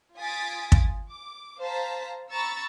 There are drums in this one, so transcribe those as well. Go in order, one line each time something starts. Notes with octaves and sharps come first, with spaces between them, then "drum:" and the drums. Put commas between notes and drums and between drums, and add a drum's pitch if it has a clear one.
F4 G#5 D#6 A6 B6 D7
drum: kick
D6
C5 F5 A5 A#5 B6
A#5 B5 C#6 E6 A6